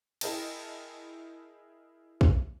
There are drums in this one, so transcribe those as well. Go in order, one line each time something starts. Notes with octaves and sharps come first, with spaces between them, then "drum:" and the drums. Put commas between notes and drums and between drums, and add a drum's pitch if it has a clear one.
E4 G#4 A#4 D#5 G5 A5, drum: cymbal
drum: kick